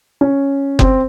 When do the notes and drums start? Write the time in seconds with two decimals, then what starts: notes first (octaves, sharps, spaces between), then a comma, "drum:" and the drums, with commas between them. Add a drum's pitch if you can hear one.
0.21 C#4
0.79 C4, drum: kick F#1